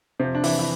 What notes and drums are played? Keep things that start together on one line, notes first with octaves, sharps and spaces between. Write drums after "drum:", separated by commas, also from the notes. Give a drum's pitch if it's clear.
F2 C3 F3 C4
D4
E3 E4, drum: open hi-hat
E4